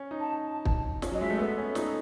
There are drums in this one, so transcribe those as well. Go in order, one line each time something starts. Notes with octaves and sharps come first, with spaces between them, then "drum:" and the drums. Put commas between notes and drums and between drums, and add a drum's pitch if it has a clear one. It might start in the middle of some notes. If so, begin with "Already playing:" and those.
Already playing: C#4
D#4
A5
A5
drum: kick
C#4, drum: snare
F#3 D#5
G#3 E5
A3
B3 A4
C#4
D#4, drum: snare